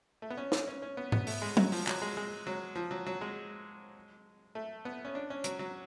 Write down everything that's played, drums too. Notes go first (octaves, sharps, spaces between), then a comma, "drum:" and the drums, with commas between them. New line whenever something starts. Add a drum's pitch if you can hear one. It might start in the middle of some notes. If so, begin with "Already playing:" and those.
A3
B3
C#4
C#4, drum: snare
C#4
C#4
B3
B3, drum: tom G#2
A3, drum: open hi-hat
G#3
F#3, drum: tom F#3
F3, drum: open hi-hat
F#3, drum: clap
G#3
G#3
F#3
F3
F#3
F#3
G#3
A3
B3
C#4
D4
C#4
F#3, drum: hi-hat
F#3